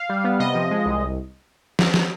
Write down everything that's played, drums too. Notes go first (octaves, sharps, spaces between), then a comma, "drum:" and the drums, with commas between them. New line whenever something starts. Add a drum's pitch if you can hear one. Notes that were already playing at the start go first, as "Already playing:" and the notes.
Already playing: F5
G3
B3
C3 D#5
F3
G#3
C2
drum: snare
drum: snare